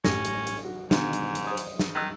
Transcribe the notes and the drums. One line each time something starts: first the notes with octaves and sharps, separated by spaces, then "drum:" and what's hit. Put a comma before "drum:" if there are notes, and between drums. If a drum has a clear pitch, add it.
A1 C#4 G4 A#6, drum: snare
drum: hi-hat
drum: hi-hat
F#4
G#2 B2 D3 D#3, drum: snare
drum: hi-hat
drum: hi-hat
C5 D#6
drum: hi-hat
drum: snare
D#3 E6 F#6